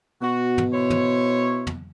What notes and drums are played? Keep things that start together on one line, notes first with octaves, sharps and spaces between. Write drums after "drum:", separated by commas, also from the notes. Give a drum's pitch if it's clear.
B2 F#4
drum: tom
E4 C5 C#5
drum: tom
drum: tom